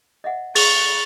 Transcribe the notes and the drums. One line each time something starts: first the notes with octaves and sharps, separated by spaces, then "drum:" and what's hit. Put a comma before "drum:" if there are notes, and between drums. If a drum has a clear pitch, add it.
D#5 E5 F#5
G#4 C#6 A6 F7, drum: open hi-hat